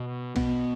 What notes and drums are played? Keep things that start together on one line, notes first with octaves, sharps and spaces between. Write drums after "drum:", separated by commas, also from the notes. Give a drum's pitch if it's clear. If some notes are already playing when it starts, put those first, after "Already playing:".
Already playing: B2
B2 B3, drum: kick, cymbal